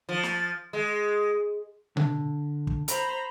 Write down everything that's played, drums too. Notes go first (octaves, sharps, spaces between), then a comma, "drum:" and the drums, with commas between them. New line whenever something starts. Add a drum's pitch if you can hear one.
F3
drum: snare
G#3
D3, drum: tom B2
drum: kick
C5 A#5 B5, drum: hi-hat